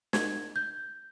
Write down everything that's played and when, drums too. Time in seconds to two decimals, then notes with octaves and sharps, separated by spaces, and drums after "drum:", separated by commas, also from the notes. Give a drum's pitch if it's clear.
0.13 G#6, drum: snare
0.56 G6